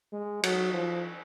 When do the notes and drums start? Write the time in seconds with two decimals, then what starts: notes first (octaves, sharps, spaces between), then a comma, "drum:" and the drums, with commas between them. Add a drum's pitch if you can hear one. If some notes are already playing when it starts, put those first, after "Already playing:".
0.13 G#3
0.43 F#3, drum: cymbal
0.73 F3